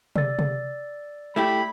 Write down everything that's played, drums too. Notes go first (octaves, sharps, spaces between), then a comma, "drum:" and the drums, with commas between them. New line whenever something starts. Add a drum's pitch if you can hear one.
D5 E6 A6, drum: tom C3
drum: tom C3
A3 E4 G4 B5